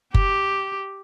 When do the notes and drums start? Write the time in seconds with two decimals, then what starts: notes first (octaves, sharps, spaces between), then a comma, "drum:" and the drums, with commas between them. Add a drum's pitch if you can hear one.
0.14 G4, drum: kick F#1